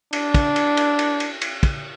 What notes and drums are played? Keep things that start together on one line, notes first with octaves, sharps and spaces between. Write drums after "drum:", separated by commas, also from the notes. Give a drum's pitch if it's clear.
D4, drum: cymbal
drum: kick, cymbal
drum: cymbal
drum: cymbal
drum: cymbal
drum: cymbal
drum: cymbal
drum: kick, cymbal